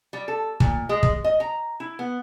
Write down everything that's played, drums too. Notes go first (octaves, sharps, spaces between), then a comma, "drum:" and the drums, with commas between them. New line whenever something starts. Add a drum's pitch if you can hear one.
G3
A4
A#2, drum: kick
G#3
drum: kick
D#5
A#5
E4
B3